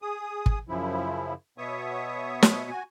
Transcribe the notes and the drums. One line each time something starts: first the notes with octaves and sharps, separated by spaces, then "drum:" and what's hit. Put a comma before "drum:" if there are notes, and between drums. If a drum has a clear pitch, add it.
G#4 D#6
drum: kick
F#2 C#3 F3 E4
B2 B3 C#5 E5 C#6 D#6
drum: snare
F#4 G#5